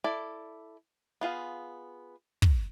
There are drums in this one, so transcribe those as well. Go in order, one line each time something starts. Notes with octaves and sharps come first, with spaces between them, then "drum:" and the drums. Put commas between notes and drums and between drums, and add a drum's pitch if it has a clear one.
E4 A4 D5
B3 F4 G#4 F5
drum: kick